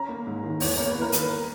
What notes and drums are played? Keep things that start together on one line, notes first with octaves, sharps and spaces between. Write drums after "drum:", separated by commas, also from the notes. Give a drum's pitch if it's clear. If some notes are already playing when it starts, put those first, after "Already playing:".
Already playing: C#4 A#5
A#3
G#2
D#3
E2 C#5, drum: open hi-hat
A#3 C#5
B4
E2
A#4
D#3 B4, drum: hi-hat
A#4